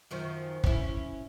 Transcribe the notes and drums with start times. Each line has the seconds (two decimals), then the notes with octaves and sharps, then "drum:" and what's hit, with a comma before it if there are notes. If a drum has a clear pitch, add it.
0.11 F#2 D#3 F3
0.64 C#4 E4, drum: kick